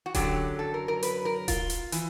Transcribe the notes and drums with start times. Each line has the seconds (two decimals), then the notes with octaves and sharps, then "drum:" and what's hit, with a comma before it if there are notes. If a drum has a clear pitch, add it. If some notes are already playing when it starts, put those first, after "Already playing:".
0.06 F#4
0.15 F#2 D3 F#3 G4, drum: kick D#1, hi-hat
0.59 A4
0.74 A#4
0.88 A#4
1.03 B4, drum: hi-hat
1.25 A#4
1.48 F4, drum: kick D#1, hi-hat
1.70 drum: hi-hat
1.92 E3, drum: hi-hat